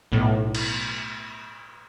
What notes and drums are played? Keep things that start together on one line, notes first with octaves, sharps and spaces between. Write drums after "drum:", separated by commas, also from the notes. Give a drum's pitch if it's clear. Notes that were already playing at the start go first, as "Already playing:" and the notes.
B1 A2
drum: cymbal